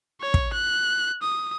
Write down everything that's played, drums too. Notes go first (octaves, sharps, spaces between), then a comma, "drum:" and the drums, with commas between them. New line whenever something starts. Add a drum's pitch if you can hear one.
C#5
drum: kick
F#6
D#6